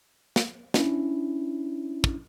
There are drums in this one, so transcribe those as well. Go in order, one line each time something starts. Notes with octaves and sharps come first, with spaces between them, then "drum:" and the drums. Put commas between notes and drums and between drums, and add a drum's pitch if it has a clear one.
drum: snare
C#4 D4 E4, drum: snare
drum: kick